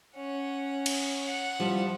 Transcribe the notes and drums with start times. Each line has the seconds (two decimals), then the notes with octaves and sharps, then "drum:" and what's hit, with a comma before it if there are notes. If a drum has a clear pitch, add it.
0.16 C#4 F#5
0.86 drum: cymbal
1.27 F#5
1.60 F3 G3 E4